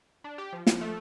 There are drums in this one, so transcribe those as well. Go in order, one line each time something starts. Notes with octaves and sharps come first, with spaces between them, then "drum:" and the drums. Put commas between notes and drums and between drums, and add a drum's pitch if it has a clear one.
D4
G4
F3
F3, drum: snare
A3